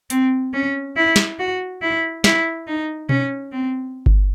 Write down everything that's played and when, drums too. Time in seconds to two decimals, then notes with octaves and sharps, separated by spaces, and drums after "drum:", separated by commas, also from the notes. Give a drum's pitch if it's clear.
0.10 C4, drum: hi-hat
0.54 C#4
0.96 E4
1.16 drum: snare
1.39 F#4
1.82 E4
2.24 E4, drum: snare
2.67 D#4
3.09 C#4, drum: tom B2
3.52 C4
4.06 drum: kick G1